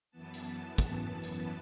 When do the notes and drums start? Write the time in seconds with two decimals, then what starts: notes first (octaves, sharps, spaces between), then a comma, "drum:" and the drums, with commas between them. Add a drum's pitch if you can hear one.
0.11 F#2 E3 B3 A5
0.34 drum: hi-hat
0.78 drum: kick, hi-hat
1.23 drum: hi-hat